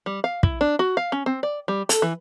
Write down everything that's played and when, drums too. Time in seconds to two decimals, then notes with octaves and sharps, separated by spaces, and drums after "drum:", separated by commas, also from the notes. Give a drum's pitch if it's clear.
0.06 G3
0.24 F5
0.43 E4, drum: kick
0.61 D4
0.79 F#4
0.97 F5
1.12 C#4
1.26 C4
1.43 D5
1.68 G3
1.89 A4, drum: hi-hat
2.02 E3